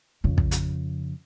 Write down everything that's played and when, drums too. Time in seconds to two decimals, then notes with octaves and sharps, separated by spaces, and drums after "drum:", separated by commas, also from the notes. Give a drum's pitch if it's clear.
0.24 F2 C#3
0.38 drum: kick
0.51 drum: hi-hat